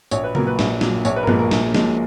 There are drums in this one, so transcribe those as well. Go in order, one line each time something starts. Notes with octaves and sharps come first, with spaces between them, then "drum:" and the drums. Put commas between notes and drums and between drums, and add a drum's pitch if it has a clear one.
A#1 C#5, drum: tambourine
B4
A#2 F#3 A#4, drum: tom C#3
B4
A#1, drum: snare
A#2 F#3, drum: snare
A#1 C#5, drum: tambourine
B4
A#4
A#2 F3 G#3 B4, drum: tom G2
A#4
A#1, drum: snare
A#2 F3 G#3, drum: snare